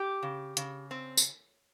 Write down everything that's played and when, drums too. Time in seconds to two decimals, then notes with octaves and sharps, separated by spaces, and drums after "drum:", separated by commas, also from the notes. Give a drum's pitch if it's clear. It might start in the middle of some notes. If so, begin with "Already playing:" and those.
Already playing: G4
0.23 C#3
0.57 C#3, drum: hi-hat
0.91 C4
1.17 drum: tambourine